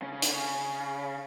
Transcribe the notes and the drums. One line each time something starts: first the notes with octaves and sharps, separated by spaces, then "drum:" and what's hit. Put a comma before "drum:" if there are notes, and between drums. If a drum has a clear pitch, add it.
C#3
C#3
D3, drum: hi-hat
C#3